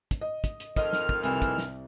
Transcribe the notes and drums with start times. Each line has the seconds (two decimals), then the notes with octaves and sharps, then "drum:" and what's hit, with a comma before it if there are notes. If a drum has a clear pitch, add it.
0.11 drum: kick, hi-hat
0.21 D#5
0.44 drum: kick, hi-hat
0.60 drum: hi-hat
0.76 F2 D#3 D#5 F6, drum: kick, hi-hat
0.93 drum: snare
1.09 drum: kick
1.23 C2 E3, drum: hi-hat
1.42 drum: kick, hi-hat
1.58 drum: snare